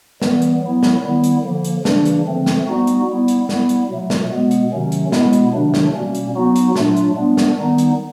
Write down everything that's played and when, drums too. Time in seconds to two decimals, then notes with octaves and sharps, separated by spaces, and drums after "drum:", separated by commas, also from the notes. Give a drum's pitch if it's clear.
0.22 E3 G3 B3, drum: snare
0.42 drum: hi-hat
0.62 F#3 B3 E4
0.83 drum: snare
1.03 D#3 G3 B3 E4
1.24 drum: hi-hat
1.44 D3 F3 A#3
1.65 drum: hi-hat
1.85 C#3 E3 G3 A#3 D4, drum: snare
2.05 drum: hi-hat
2.26 D3 F3 A3 C4
2.46 drum: snare
2.67 G3 B3 D#4 F#4
2.87 drum: hi-hat
3.08 G3 B3 E4
3.28 drum: hi-hat
3.49 G3 B3 E4, drum: snare
3.69 drum: hi-hat
3.90 B2 F#3 A3
4.10 drum: snare
4.30 B2 G#3 B3
4.51 drum: hi-hat
4.71 C3 D#3 F#3 A3 C#4
4.92 drum: hi-hat
5.12 B2 G#3 B3 E4, drum: snare
5.33 drum: hi-hat
5.53 C3 D#3 F#3 A3 D4
5.74 drum: snare
5.94 B2 G3 A#3 C#4
6.15 drum: hi-hat
6.35 F#3 B3 D#4 F#4
6.56 drum: hi-hat
6.76 A#2 F#3 A3 D4 F4, drum: snare
6.97 drum: hi-hat
7.16 G3 B3 D4
7.37 drum: snare
7.58 D#3 G3 B3 D#4
7.78 drum: hi-hat